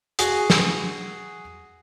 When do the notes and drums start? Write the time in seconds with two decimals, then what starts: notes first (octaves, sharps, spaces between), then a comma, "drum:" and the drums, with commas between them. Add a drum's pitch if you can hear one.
0.19 F#4 G#4, drum: hi-hat
0.50 drum: snare